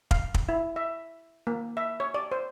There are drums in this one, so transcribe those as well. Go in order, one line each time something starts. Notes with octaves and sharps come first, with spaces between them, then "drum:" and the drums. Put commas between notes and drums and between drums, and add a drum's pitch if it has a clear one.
F5, drum: kick
drum: kick
E4
E5
A#3
E5
C#5
D5
C5